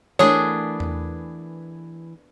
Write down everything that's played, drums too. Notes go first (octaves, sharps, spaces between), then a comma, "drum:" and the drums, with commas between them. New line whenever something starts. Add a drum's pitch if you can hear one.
E3 A3 B3 D4 G#4 A#4 C#5 D#6
drum: tom E2